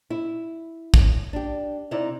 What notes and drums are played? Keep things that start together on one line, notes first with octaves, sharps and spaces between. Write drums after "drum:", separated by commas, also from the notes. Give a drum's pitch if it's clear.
E4
drum: kick
D4 G4
C3 D#4 E4 D5